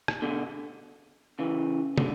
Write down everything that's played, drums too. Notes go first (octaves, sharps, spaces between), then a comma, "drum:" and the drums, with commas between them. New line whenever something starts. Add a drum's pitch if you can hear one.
drum: rim click
B2 D3
C#3 E3
B2 D3, drum: tom